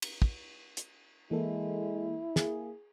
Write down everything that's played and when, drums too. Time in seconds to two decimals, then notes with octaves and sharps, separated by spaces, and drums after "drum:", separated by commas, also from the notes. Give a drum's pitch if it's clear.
0.02 drum: cymbal
0.22 drum: kick
0.77 drum: hi-hat
1.31 E3 G#3 A#3 E4 A4
2.36 A#3 G#4, drum: snare